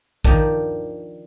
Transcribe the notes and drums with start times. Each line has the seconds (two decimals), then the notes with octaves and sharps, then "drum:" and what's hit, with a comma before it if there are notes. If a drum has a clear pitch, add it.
0.25 D#3 F3 D4, drum: kick A#1